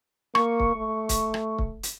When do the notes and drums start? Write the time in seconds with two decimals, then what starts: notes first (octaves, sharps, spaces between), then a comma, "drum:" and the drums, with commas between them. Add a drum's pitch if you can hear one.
0.35 A#3 C#6, drum: rim click
0.60 drum: kick C#1
0.76 A3
1.09 drum: kick C#1, hi-hat
1.34 drum: rim click
1.59 drum: kick C#1
1.83 drum: hi-hat